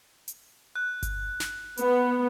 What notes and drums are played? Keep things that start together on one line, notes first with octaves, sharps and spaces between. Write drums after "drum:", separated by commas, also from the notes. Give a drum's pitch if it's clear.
drum: hi-hat
F#6
drum: kick G1, hi-hat
drum: snare
B3, drum: hi-hat